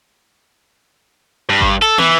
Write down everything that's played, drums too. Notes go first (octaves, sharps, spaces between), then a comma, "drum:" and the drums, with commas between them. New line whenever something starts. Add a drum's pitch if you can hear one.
G2
drum: kick G#1
A4
E3, drum: tom